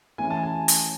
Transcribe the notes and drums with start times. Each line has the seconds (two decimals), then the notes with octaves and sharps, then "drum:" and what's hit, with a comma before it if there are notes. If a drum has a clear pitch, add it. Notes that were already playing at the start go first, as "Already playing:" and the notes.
0.18 E3 A3 C#4 G#5
0.30 A5
0.43 G#5
0.68 drum: hi-hat